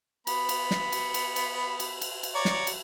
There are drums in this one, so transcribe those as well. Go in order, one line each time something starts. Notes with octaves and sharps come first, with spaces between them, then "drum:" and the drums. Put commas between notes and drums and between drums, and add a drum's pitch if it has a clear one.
B3 B5, drum: cymbal
drum: cymbal
drum: snare
drum: cymbal
drum: cymbal
drum: cymbal
drum: cymbal
drum: cymbal
drum: cymbal
C#5 D5 A#5
drum: snare
drum: cymbal